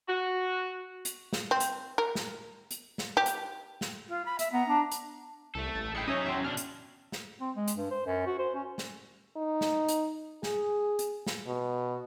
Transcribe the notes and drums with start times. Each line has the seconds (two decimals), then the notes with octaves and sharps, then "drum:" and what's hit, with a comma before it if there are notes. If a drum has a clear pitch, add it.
0.08 F#4
1.05 drum: hi-hat
1.33 drum: snare
1.51 C4
1.60 drum: hi-hat
1.98 A#4
2.15 drum: snare
2.71 drum: hi-hat
2.98 drum: snare
3.17 G4
3.26 drum: hi-hat
3.81 drum: snare
4.09 F4
4.26 B5
4.39 E5, drum: hi-hat
4.53 B3 A#5
4.68 D4
4.92 drum: hi-hat
5.55 C2 A3 A4
5.75 A1 A6
5.95 G#3 E4 G5 C#7
6.08 F#3 C#4 D#4 C#5 E5 D#6
6.26 E2 F#3 E5 G5 C6
6.44 B2 D4 F6
6.57 drum: hi-hat
7.12 drum: snare
7.41 C4
7.56 G#3
7.68 drum: hi-hat
7.77 G2
7.91 C5
8.06 F#2
8.27 F#4
8.39 C5
8.54 C#4
8.78 drum: snare
9.36 D#4
9.61 drum: snare
9.88 drum: hi-hat
10.43 G#4, drum: snare
10.99 drum: hi-hat
11.27 drum: snare
11.47 B2